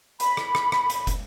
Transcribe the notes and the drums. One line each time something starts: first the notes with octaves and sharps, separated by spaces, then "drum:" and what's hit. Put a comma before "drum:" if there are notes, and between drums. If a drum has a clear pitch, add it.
B5, drum: hi-hat
drum: rim click
drum: rim click
drum: rim click
drum: hi-hat
drum: kick, hi-hat